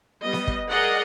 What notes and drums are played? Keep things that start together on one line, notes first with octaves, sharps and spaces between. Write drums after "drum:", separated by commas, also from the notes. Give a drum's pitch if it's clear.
G3 B3 D#5
drum: snare B3
drum: kick
G#4 A#4 D5 D#5 F#5